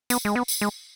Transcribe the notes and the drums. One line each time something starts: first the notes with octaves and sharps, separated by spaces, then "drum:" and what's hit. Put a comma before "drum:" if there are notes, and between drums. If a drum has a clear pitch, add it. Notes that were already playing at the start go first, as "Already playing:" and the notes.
B3, drum: tambourine
G#3
B3
drum: tambourine
G#3